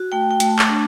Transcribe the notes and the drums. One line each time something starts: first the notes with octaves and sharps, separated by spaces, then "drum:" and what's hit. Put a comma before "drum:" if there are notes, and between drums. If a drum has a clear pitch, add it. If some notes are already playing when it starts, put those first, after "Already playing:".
Already playing: F#4
A3 G5
G5
A3 A5, drum: hi-hat
drum: clap
D4